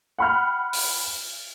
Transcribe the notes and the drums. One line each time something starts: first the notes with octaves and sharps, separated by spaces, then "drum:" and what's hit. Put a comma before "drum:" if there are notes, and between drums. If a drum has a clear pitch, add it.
F#5 G5 B5 C6 F6 F#6
drum: open hi-hat